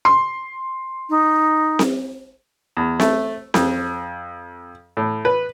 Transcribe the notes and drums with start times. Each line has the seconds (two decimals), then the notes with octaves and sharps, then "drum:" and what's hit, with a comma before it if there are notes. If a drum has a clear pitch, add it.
0.05 C6
1.09 D#4
1.79 drum: snare C4
2.77 E2
3.00 A3, drum: snare C4
3.54 F2, drum: snare C4
4.97 A2
5.25 B4